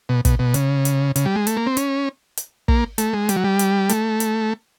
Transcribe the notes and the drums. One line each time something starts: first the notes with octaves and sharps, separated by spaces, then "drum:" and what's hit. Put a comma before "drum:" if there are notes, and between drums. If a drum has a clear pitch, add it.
B2
B2, drum: kick, hi-hat
B2
C#3, drum: hi-hat
drum: hi-hat
C#3, drum: hi-hat
G3
G#3
A3, drum: hi-hat
A#3
C4
C#4, drum: hi-hat
drum: hi-hat
A#3, drum: kick
A3, drum: hi-hat
G#3
G3, drum: hi-hat
F#3
G3
drum: hi-hat
A3, drum: hi-hat
drum: hi-hat